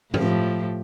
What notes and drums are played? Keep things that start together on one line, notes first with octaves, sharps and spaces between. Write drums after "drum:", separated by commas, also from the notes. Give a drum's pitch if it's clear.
A2 F3 G4, drum: tom